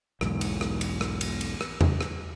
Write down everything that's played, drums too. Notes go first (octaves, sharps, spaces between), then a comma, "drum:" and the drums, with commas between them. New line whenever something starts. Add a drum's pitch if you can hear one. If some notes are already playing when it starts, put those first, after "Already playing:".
B1 E2 G#2, drum: rim click
drum: cymbal
drum: rim click
drum: cymbal
drum: rim click
drum: cymbal
drum: cymbal
drum: rim click
drum: tom E2
drum: rim click